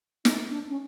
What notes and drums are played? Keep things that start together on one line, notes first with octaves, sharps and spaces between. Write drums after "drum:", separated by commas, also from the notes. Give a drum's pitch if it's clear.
D#4, drum: snare
D4
C#4